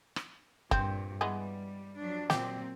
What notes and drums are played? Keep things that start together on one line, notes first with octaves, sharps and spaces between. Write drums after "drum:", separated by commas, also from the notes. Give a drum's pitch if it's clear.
drum: rim click
G2 A#2 C4, drum: kick
E3 G3 G#3 B3
F3 F#3 D4
A#2 F#3 C4 G4, drum: snare